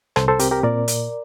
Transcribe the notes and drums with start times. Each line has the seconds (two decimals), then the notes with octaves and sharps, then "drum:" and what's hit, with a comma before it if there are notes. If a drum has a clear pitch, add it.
0.16 C2 A4 C5, drum: rim click
0.28 A4 C5
0.39 C4 G4 A#4, drum: hi-hat
0.51 G4 A#4
0.63 A#2 A#4 D5
0.88 drum: hi-hat